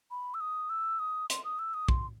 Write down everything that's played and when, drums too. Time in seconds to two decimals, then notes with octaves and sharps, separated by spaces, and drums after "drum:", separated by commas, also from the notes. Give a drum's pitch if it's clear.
0.11 B5
0.34 E6
0.40 D#6
0.70 E6
0.99 D#6
1.30 C6, drum: hi-hat
1.44 D#6
1.59 E6
1.74 D#6
1.88 C6, drum: kick B1